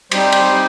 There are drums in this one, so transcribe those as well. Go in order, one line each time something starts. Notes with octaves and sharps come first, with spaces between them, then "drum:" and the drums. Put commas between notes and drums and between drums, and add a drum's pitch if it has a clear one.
G3 C4 D#4 G4 C5, drum: cymbal
drum: cymbal